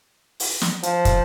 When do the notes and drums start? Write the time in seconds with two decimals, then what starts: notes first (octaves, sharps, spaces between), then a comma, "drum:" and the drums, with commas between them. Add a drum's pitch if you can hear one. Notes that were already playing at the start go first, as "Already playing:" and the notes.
0.40 drum: open hi-hat
0.61 drum: snare
0.83 F3, drum: hi-hat
1.05 drum: kick, hi-hat